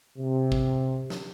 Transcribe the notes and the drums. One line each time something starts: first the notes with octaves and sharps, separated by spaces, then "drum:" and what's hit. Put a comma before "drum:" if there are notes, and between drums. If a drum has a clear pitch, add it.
C3
drum: kick
drum: snare